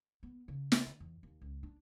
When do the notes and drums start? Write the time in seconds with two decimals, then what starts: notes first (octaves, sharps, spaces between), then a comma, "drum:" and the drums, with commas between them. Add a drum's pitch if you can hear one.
0.23 B3
0.48 C#3
0.72 C2, drum: snare
0.86 D3
1.00 E2
1.23 D#2
1.41 C#2
1.63 D4